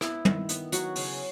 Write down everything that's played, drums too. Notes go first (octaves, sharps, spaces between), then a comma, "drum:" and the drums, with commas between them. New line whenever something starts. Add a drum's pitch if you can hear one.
B3 E4, drum: rim click
D#3, drum: tom
B3, drum: hi-hat
F#3 F#4, drum: hi-hat
C#3, drum: open hi-hat